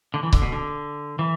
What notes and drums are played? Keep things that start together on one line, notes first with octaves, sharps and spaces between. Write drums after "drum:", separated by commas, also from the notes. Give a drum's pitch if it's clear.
D3
E3
D3, drum: kick C#1
B2
D3
E3